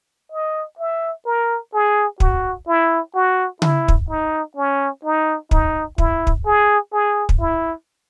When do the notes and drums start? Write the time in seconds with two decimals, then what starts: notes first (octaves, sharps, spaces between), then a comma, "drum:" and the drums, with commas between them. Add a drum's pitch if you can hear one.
0.32 D#5
0.79 E5
1.26 A#4
1.74 G#4
2.20 F#4, drum: kick
2.67 E4
3.15 F#4
3.62 E4, drum: tom C#3
3.88 drum: kick
4.09 D#4
4.56 C#4
5.04 D#4
5.51 D#4, drum: kick
5.98 E4, drum: kick
6.27 drum: kick
6.46 G#4
6.93 G#4
7.29 drum: kick
7.40 E4